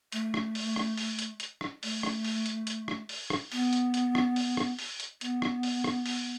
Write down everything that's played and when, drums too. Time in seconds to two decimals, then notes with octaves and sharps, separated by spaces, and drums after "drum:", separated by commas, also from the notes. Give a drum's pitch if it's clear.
0.12 A3, drum: hi-hat
0.34 drum: rim click
0.55 drum: open hi-hat
0.76 drum: rim click
0.97 drum: open hi-hat
1.19 drum: hi-hat
1.40 drum: hi-hat
1.61 drum: rim click
1.83 A3, drum: open hi-hat
2.03 drum: rim click
2.24 drum: open hi-hat
2.46 drum: hi-hat
2.67 drum: hi-hat
2.88 drum: rim click
3.09 drum: open hi-hat
3.30 drum: rim click
3.52 B3, drum: open hi-hat
3.73 drum: hi-hat
3.94 drum: hi-hat
4.15 drum: rim click
4.36 drum: open hi-hat
4.57 drum: rim click
4.79 drum: open hi-hat
5.00 drum: hi-hat
5.21 B3, drum: hi-hat
5.42 drum: rim click
5.63 drum: open hi-hat
5.84 drum: rim click
6.06 drum: open hi-hat